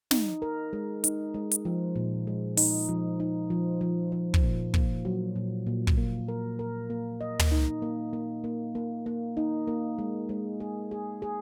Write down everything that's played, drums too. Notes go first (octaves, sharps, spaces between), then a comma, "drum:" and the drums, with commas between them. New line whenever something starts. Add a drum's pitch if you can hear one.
D#4, drum: snare
A#4
G#3
D#4, drum: hi-hat
G#3
drum: hi-hat
F3
A#2
G#3
D#4, drum: open hi-hat
F3
D#4
F3
F3
F3
drum: kick
A#2
A#3, drum: kick
F#3
A#2
A#2
drum: kick
A#3
A#4
A#4
A#3
D#5
drum: tom
D#4
A#3
A#3
A#3
A#3
A#3
D#4
A#3
G#3
G#3
G#4
G#4
G#4